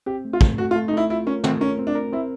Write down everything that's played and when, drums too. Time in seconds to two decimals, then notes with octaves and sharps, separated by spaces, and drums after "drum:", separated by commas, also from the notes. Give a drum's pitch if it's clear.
0.06 C4 G4
0.25 A3
0.33 F4
0.41 A3, drum: kick
0.58 A3 F#4
0.71 F4
0.76 A3
0.88 D#4
0.93 A3 E4
1.10 E4 F4
1.26 C#4 A#4
1.44 A3 C4, drum: tom
1.61 C#4 A#4
1.79 C4
1.87 D4
1.95 A#4
2.13 C4 E4